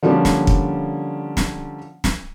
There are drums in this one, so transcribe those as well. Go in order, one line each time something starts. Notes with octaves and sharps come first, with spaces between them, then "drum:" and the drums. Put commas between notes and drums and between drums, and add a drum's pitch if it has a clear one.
D3 F3 G3 A#3 C#4
drum: snare
drum: kick
drum: snare
drum: snare